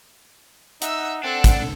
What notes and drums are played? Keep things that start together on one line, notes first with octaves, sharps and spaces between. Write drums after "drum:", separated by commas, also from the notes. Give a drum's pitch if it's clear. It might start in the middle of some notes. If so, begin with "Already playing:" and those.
D#4 E5 F#5 E6, drum: hi-hat
C4 D4 A4
drum: kick, hi-hat